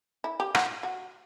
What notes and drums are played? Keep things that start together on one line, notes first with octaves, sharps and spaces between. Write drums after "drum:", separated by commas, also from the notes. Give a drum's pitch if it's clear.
E4
G4
F#4, drum: rim click
F#4